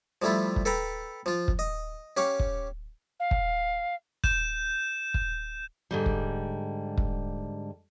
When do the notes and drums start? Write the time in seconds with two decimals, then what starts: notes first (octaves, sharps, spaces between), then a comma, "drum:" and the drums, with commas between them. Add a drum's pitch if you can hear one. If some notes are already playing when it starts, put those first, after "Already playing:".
0.22 F3 G3 A3 E4 F4
0.56 drum: kick
0.65 A4 B4 G5 A#5
1.26 F3 F4
1.48 drum: kick
1.59 D#5
2.17 C#4 G4 F5 C#6
2.40 drum: kick
3.20 F5
3.31 drum: kick
4.24 G6 E7, drum: kick
5.14 drum: kick
5.91 G#2 D3 G3
6.06 drum: kick
6.98 drum: kick